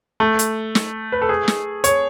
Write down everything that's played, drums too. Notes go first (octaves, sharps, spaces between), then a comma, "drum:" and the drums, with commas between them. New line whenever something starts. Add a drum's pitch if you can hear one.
A3
drum: hi-hat
drum: snare
B4
A4
G#4
drum: snare
C#5, drum: hi-hat